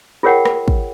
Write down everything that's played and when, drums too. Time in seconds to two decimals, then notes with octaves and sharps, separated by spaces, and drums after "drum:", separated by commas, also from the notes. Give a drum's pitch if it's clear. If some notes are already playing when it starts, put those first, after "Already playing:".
0.23 F4 G#4 A#4 C#5 F#5 G5
0.45 drum: rim click
0.68 drum: kick